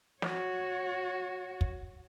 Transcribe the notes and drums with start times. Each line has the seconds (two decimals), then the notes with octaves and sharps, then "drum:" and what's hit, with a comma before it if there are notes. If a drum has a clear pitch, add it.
0.22 F#4 C#5, drum: snare
1.61 drum: kick